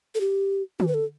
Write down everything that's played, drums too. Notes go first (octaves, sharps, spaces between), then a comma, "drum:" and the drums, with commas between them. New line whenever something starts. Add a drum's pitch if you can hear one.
A4
G4
F#4, drum: tom
B4
A4